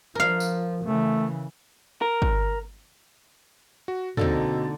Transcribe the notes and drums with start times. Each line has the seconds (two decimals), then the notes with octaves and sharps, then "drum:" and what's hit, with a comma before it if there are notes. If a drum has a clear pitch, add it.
0.15 F3 A#4 F5
0.40 drum: tambourine
0.85 C#3 E3 A3
2.02 A#4
2.22 drum: kick
3.88 F#4
4.17 B2 D3 A#3 C4 D#4 A4 A6, drum: tom